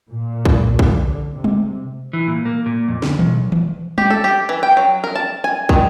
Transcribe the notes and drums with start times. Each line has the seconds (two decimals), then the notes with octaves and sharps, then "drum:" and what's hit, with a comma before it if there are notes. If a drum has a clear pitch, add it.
0.10 A#2
0.45 drum: kick
0.79 D3, drum: kick
1.34 C3
1.44 drum: tom G3
2.13 E3
2.28 A#2
2.45 A#3
2.66 A#2
2.88 F2
3.02 D2, drum: snare
3.19 B1, drum: tom D#3
3.52 drum: tom D#3
3.98 G4, drum: tom G3
4.10 A4
4.24 G4
4.49 E3
4.63 G5
4.77 F#3
5.04 A#4
5.16 A5
5.44 G#5
5.69 D#3, drum: kick